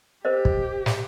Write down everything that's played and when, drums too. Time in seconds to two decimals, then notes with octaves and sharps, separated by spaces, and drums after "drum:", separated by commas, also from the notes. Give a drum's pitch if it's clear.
0.25 G4 A#4 C5 D#5
0.45 drum: kick
0.86 drum: snare